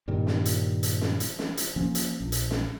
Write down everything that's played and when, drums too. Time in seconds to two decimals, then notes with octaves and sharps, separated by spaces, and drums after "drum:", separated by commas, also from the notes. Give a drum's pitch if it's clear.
0.08 G2 A#2 D#3
0.27 drum: snare
0.45 drum: hi-hat
0.83 drum: hi-hat
1.01 drum: snare
1.20 drum: hi-hat
1.39 drum: snare
1.57 drum: hi-hat
1.76 F3 A#3 C#4
1.95 drum: hi-hat
2.20 A#1
2.32 drum: hi-hat
2.51 drum: snare